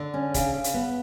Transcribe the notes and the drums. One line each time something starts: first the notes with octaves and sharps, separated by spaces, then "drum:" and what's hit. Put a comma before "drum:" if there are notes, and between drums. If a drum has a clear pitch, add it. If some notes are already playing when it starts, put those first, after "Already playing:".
Already playing: D3
C#4
C#3, drum: kick E1, hi-hat
C#3
drum: hi-hat
B3